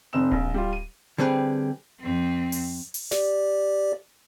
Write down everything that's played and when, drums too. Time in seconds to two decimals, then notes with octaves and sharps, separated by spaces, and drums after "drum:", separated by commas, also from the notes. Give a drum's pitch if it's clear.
0.13 F1 C4 D#5 E6 E7
0.32 A#1, drum: kick D1
0.54 G3 F4
0.73 D#7
1.18 D3 G3 C4 G#4 B4
2.00 F2 C4
2.52 drum: open hi-hat
2.94 drum: open hi-hat
3.11 G4 D5, drum: snare